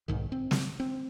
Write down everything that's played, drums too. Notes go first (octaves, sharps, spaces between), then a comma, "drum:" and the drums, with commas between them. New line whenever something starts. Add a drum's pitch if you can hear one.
B1 G#2 D#3
C4
drum: snare
C4